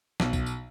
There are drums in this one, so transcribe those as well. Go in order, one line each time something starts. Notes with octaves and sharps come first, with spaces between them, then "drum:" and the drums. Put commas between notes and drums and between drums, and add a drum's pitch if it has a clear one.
B1, drum: snare
drum: kick, tambourine
drum: tambourine